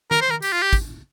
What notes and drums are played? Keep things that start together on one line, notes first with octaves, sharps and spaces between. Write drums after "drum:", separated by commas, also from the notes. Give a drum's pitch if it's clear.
A#4, drum: tom D#3
C5
A#4
G4, drum: tambourine
F4
G4
drum: kick, tambourine